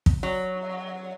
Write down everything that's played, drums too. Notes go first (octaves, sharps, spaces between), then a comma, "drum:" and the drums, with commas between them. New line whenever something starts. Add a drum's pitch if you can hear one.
drum: kick
F#3